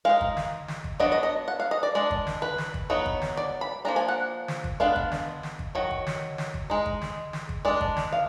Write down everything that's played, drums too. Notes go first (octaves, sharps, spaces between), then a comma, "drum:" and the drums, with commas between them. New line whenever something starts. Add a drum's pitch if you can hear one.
G#3 D#4 F5
drum: kick
drum: snare
drum: snare
drum: kick
F#3 B3 D4 D#5
D#5
D#5
F#5
F5
D#5
D5
G#3 D4 D5
drum: kick
drum: snare
B4
drum: snare
drum: kick
F#3 B3 D#4
drum: kick
drum: snare
D5
B5
F3 A#3 D4 A#5
G#5
F#5
drum: snare
drum: kick
G#3 B3 D4 F5
drum: kick
drum: snare
drum: snare
drum: kick
D#3 F#3
drum: kick
drum: snare
drum: snare
drum: kick
G#3 D#4
drum: kick
drum: snare
drum: snare
drum: kick
G#3 D4 D5
drum: kick
drum: snare
F5